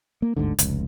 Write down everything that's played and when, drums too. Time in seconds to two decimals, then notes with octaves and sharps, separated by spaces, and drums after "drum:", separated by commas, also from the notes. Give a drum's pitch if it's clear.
0.22 A#3
0.37 G1 D2 G#2 D3
0.58 F1 C#2, drum: hi-hat